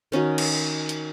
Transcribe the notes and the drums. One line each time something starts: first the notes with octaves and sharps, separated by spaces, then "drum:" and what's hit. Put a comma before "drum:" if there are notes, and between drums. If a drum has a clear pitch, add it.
D#3 C#4 D#4 F#4
drum: cymbal
drum: hi-hat